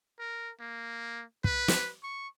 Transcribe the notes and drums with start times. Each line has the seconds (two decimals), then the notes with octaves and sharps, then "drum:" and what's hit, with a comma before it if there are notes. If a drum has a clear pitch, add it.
0.19 A#4
0.60 A#3
1.44 B4, drum: kick
1.68 drum: snare
2.03 C#6